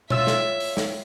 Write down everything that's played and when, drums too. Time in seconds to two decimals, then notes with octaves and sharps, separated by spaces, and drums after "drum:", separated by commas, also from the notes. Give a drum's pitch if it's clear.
0.10 F4 C#5 E5 E6, drum: tom B2
0.27 drum: snare
0.60 drum: open hi-hat
0.77 drum: snare